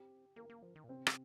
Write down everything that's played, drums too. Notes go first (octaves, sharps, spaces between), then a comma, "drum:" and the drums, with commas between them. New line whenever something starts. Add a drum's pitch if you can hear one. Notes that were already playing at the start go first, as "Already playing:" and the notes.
Already playing: C4 G4
A#3 A#4
A#3
F3
D#3
A#2
C3 C4
drum: rim click